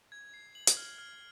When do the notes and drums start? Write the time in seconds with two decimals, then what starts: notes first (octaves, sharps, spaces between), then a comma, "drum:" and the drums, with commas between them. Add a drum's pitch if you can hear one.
0.12 G#6
0.34 C7
0.55 F#7
0.67 drum: hi-hat
0.77 F6
0.98 F6